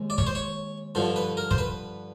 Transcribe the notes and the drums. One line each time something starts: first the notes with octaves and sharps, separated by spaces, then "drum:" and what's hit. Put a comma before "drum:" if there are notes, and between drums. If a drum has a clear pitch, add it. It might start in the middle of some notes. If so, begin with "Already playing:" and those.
Already playing: D#2 G#3
D5
C#5, drum: kick
C5
C#5
G2 D3 F3
B4
A#4
C5, drum: kick
B4